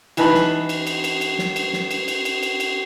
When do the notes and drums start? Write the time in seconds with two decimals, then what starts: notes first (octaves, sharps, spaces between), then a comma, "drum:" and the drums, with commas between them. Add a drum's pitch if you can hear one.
0.17 E3 D#4 B4 A5 B5, drum: cymbal
0.35 drum: snare
0.69 drum: cymbal
0.87 drum: cymbal
1.04 drum: cymbal
1.21 drum: cymbal
1.39 drum: snare
1.56 drum: cymbal
1.73 drum: snare
1.91 drum: cymbal
2.08 drum: cymbal
2.25 drum: cymbal
2.43 drum: cymbal
2.60 drum: cymbal